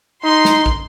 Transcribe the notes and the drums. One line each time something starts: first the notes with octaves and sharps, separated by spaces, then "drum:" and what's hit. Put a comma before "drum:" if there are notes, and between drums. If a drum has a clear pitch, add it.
D#4 C6
drum: snare
drum: kick